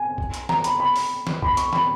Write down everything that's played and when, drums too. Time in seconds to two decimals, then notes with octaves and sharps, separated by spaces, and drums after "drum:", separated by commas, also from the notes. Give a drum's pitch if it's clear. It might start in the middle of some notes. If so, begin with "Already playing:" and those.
Already playing: G#5
0.18 drum: kick A#1
0.34 drum: hi-hat
0.49 A#5, drum: snare
0.64 B5, drum: hi-hat
0.80 B5
0.96 drum: open hi-hat
1.27 drum: snare
1.42 B5, drum: kick A#1
1.57 C#6, drum: hi-hat
1.73 B5, drum: snare